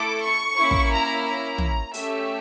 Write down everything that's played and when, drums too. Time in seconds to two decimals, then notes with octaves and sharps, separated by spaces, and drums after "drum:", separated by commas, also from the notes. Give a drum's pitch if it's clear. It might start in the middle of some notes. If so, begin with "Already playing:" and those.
Already playing: A3 E4 A4 D6
0.23 C#6
0.57 A#3 C#4 E4
0.71 drum: kick
0.92 A#5
1.26 A#5
1.58 drum: tom
1.94 A3 C#4 G4 E5, drum: open hi-hat